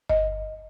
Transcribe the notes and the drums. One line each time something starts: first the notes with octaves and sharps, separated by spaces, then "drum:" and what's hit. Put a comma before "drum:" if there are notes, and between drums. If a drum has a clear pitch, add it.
D#5, drum: kick G1